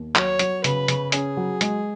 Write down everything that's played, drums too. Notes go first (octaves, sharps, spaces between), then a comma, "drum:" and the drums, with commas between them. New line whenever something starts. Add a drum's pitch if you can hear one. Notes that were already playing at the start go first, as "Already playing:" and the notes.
Already playing: D#2
F#3 C#5, drum: clap
F#3, drum: hi-hat
C#3 B4, drum: hi-hat
C#3, drum: hi-hat
C#4 G#4, drum: hi-hat
F#3
G#3, drum: hi-hat